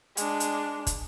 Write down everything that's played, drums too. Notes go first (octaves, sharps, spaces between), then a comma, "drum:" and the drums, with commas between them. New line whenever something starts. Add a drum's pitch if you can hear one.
G#3 D4, drum: hi-hat
drum: hi-hat
drum: kick, hi-hat